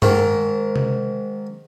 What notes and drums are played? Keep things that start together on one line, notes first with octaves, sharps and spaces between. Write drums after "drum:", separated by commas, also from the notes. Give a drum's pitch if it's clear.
G#2 D#3, drum: tom G2
drum: tom C3